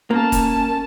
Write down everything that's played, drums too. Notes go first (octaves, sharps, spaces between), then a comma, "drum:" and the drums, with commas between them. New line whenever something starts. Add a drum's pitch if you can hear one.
A#3 C#4 A5
drum: kick F1, hi-hat